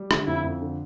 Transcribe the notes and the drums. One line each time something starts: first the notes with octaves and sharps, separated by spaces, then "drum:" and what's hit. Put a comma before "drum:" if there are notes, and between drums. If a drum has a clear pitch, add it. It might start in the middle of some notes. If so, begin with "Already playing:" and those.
Already playing: G3
D3, drum: rim click
F2 E4
F2
D3